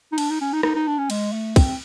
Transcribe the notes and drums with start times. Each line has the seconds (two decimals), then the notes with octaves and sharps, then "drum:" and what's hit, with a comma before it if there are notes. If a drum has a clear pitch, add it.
0.12 D#4
0.18 D4, drum: cymbal
0.30 D#4
0.41 C#4
0.53 D#4
0.63 D#4, drum: rim click
0.75 D#4
0.87 D4
0.98 C#4
1.10 G#3, drum: cymbal
1.33 A3
1.56 C4, drum: kick, cymbal